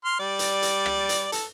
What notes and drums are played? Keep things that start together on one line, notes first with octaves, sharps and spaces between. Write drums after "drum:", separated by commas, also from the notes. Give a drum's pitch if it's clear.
C6 F6
G3 D5
drum: hi-hat
drum: hi-hat
drum: rim click
drum: hi-hat
A4, drum: hi-hat